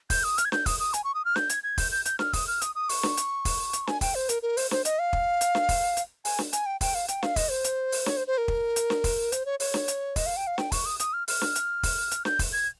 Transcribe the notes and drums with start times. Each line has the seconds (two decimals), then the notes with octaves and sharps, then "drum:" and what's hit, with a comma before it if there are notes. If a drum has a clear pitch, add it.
0.10 G6, drum: kick, open hi-hat
0.24 D#6
0.38 F6, drum: hi-hat
0.45 G#6
0.52 G6, drum: snare
0.66 D#6, drum: kick, open hi-hat
0.80 D#6
0.94 G#5, drum: hi-hat
1.04 C#6
1.15 D#6
1.25 F6
1.36 G6, drum: snare
1.49 G#6, drum: hi-hat
1.64 G#6
1.78 G6, drum: kick, open hi-hat
1.92 G6
2.05 G6, drum: hi-hat
2.19 F6, drum: snare
2.33 D#6, drum: kick, open hi-hat
2.47 F6
2.61 D#6, drum: hi-hat
2.75 D#6
2.89 C#6, drum: open hi-hat
3.03 drum: snare
3.17 drum: hi-hat
3.45 drum: kick, open hi-hat
3.73 drum: hi-hat
3.87 G#5, drum: snare
4.01 G5, drum: kick, open hi-hat
4.15 C5
4.29 A#4, drum: hi-hat
4.43 A#4
4.57 C5, drum: open hi-hat
4.71 C5, drum: snare
4.85 D#5, drum: hi-hat
4.99 F5
5.13 drum: kick
5.41 drum: hi-hat
5.55 drum: snare
5.69 drum: kick, open hi-hat
5.97 drum: hi-hat
6.25 G#5, drum: open hi-hat
6.39 drum: snare
6.53 G#5, drum: hi-hat
6.66 G5
6.81 G5, drum: kick, open hi-hat
6.95 F5
7.08 G5, drum: hi-hat
7.23 F5, drum: snare
7.36 D#5, drum: kick, open hi-hat
7.50 C5
7.64 drum: hi-hat
7.92 drum: open hi-hat
8.06 C#5, drum: snare
8.17 C5
8.27 C5
8.38 A#4
8.48 drum: kick
8.76 drum: hi-hat
8.90 drum: snare
9.04 drum: kick, open hi-hat
9.32 C5, drum: hi-hat
9.46 C#5
9.60 C#5, drum: open hi-hat
9.74 drum: snare
9.88 drum: hi-hat
10.16 D#5, drum: kick, open hi-hat
10.26 F5
10.37 G5
10.47 F5
10.58 G5, drum: snare
10.72 C#6, drum: kick, open hi-hat
10.86 D#6
11.00 D#6, drum: hi-hat
11.13 F6
11.28 F6, drum: open hi-hat
11.41 drum: snare
11.55 drum: hi-hat
11.83 drum: kick, open hi-hat
12.11 drum: hi-hat
12.25 G6, drum: snare
12.39 drum: kick, open hi-hat
12.53 G#6